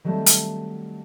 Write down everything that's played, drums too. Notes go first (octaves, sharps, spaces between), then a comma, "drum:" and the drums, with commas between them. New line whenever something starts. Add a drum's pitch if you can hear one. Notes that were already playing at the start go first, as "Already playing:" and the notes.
D#3 F#3 G3 A3 C4
drum: hi-hat